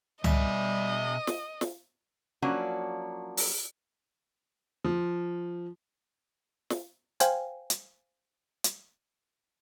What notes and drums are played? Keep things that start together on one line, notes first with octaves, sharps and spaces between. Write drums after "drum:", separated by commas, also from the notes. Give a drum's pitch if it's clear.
B2 G3 D#5 E5 G#5, drum: tom
drum: snare
drum: snare
F3 F#3 A#3 C#4 D4 F#4
drum: open hi-hat
F3
drum: snare
C5 F5 G5 G#5, drum: hi-hat
drum: hi-hat
drum: hi-hat